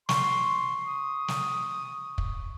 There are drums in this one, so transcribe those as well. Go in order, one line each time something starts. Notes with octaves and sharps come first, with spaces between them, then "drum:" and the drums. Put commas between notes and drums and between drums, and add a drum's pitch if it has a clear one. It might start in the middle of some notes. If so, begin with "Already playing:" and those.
C6 C#6, drum: snare
D#6
drum: snare
drum: kick